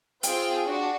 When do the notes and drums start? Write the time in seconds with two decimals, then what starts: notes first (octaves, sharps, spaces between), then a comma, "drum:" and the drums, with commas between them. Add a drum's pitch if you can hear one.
0.23 C4 F4 G#4 G5, drum: hi-hat
0.66 D4 F#4